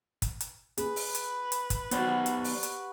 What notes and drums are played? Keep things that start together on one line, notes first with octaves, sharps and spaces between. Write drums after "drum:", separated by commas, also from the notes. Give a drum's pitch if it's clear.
drum: kick, hi-hat
drum: hi-hat
G#4 B4, drum: hi-hat
drum: open hi-hat
drum: hi-hat
drum: hi-hat
drum: kick, hi-hat
B3 F#4 G4 C5 D5 F#5, drum: hi-hat
drum: hi-hat
drum: open hi-hat
drum: hi-hat